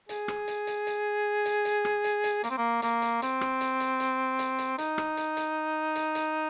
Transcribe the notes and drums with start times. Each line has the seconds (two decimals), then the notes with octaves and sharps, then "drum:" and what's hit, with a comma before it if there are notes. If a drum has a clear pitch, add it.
0.09 G#4, drum: hi-hat
0.28 drum: rim click
0.48 drum: hi-hat
0.67 drum: hi-hat
0.87 drum: hi-hat
1.46 drum: hi-hat
1.65 drum: hi-hat
1.85 drum: rim click
2.04 drum: hi-hat
2.24 drum: hi-hat
2.44 A#3, drum: hi-hat
2.50 C4
2.58 A#3
2.82 A#3, drum: hi-hat
3.02 drum: hi-hat
3.22 C4, drum: hi-hat
3.41 drum: rim click
3.61 drum: hi-hat
3.80 drum: hi-hat
4.00 drum: hi-hat
4.39 drum: hi-hat
4.59 drum: hi-hat
4.78 D#4, drum: hi-hat
4.98 drum: rim click
5.17 drum: hi-hat
5.37 drum: hi-hat
5.96 drum: hi-hat
6.15 drum: hi-hat